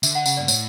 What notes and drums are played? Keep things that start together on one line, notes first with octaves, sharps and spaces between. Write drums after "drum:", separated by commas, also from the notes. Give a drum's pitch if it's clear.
D3 E5, drum: tambourine
F#5
C#3 F#5, drum: tambourine
G2 D5
A2 C#5, drum: tambourine